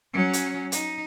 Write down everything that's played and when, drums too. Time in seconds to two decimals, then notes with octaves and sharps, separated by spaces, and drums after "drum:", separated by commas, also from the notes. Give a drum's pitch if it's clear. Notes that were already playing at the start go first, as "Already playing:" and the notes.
0.13 F#3 C#4
0.33 drum: hi-hat
0.72 D#4, drum: hi-hat